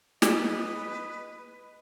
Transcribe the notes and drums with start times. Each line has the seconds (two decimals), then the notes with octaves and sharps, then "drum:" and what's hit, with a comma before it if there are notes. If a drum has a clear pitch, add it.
0.22 B4 D#5, drum: snare